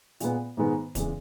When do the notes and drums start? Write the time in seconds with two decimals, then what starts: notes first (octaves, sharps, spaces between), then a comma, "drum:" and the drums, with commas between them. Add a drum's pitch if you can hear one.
0.20 A#2 G#3 B3, drum: hi-hat
0.57 G#2 D#3 G#3 B3
0.95 E2 C#3 G#3, drum: kick D1, hi-hat